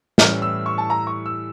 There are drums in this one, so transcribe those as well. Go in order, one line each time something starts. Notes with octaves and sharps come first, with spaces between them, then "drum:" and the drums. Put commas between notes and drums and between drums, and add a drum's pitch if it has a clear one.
A2 E3 G3 C#4 E4 F6, drum: snare
E6
C#6
A5
A#5
C#6
E6